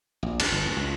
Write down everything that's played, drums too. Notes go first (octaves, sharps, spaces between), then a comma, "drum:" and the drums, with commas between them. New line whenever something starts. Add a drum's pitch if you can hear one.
A#1
D#2, drum: cymbal
G1
D2
C#2